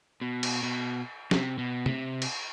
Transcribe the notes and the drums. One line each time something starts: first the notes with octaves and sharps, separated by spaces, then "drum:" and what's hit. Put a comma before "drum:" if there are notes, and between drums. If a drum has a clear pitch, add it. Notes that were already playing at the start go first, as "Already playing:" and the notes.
B2
drum: cymbal
B2
C3, drum: snare
B2
C3, drum: tom C3
drum: cymbal